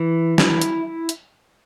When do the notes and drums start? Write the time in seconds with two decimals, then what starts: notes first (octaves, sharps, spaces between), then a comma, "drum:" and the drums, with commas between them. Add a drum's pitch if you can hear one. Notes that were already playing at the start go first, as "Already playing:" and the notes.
Already playing: E3
0.38 E4, drum: snare
0.61 drum: hi-hat
1.09 drum: hi-hat